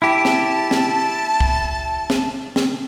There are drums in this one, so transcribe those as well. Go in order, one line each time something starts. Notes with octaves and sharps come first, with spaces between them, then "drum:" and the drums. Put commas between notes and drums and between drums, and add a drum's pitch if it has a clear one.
E4 G4 A5
drum: snare
drum: snare
drum: kick
drum: snare
drum: snare